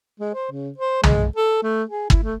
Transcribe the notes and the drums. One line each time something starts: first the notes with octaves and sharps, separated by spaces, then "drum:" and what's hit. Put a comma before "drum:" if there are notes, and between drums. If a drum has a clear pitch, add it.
G#3
C5
C#3
C5
G#3, drum: tom
A4
A3
G#4
E4, drum: kick
A3